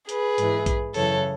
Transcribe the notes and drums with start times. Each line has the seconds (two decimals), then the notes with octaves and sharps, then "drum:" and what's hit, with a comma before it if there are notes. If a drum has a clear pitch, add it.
0.09 G#4 B4, drum: hi-hat
0.38 G#2 E3, drum: hi-hat
0.66 drum: kick A#1, hi-hat
0.94 F#2 C#3 E3 A4 C#5, drum: open hi-hat